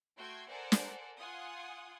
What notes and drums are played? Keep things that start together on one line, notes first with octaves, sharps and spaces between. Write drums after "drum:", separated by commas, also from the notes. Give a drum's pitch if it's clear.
A3 F#4 G5 C6 G#6
A4 A#4 C5 D5 F#5 G#5
drum: snare
F4 F#5 G#5 C6 D#6